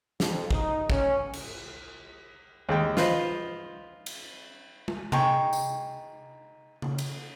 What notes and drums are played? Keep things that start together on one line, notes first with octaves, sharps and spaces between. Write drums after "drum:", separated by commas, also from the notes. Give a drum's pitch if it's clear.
F2, drum: snare
D#4, drum: kick
C#4, drum: kick
drum: cymbal
D#2 G#3 G5
F4 B4 C5 D#5, drum: snare
drum: cymbal
drum: tom G#3
D#4 G#4 G5 C#6, drum: tom C3
drum: tambourine
drum: tom C#3
drum: cymbal